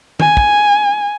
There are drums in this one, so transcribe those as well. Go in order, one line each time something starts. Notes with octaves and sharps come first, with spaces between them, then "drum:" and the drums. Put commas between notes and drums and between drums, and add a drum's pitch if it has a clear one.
G#5, drum: tom
drum: kick